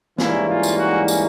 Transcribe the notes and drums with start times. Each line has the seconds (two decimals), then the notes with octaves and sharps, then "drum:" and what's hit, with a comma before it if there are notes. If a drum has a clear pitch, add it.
0.18 G#2 E3 G3 A#3 C#4 E4, drum: snare
0.48 F4
0.63 drum: tambourine
0.79 F#4
1.08 drum: tambourine